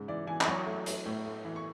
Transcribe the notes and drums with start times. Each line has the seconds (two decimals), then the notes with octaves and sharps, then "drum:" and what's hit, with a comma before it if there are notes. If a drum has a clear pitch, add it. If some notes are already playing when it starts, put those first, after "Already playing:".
Already playing: G#2 C#3
0.08 E3 D5
0.27 E3 G#5
0.41 B5, drum: clap
0.48 F#3 C#6
0.66 A3
0.86 A3, drum: hi-hat
1.06 A2
1.26 A3
1.45 E3
1.56 C#6